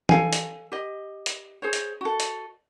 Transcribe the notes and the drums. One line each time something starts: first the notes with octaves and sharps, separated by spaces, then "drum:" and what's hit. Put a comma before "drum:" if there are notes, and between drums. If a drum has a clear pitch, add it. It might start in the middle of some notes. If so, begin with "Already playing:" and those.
A4 F5 G#5, drum: tom
drum: hi-hat
G4 D#5
drum: hi-hat
G#4 C5 C#5
drum: hi-hat
F#4 A4
drum: hi-hat